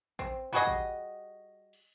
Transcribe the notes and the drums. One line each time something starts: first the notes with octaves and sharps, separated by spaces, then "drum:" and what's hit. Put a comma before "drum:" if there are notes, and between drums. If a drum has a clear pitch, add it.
C4, drum: kick A1
G3 F#4 G#4 D#5, drum: tom
drum: kick A1
drum: cymbal